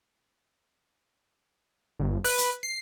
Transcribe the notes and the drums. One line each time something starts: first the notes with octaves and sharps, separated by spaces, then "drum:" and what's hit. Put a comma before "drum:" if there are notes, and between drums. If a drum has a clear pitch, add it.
G1
B4, drum: open hi-hat
drum: hi-hat
C7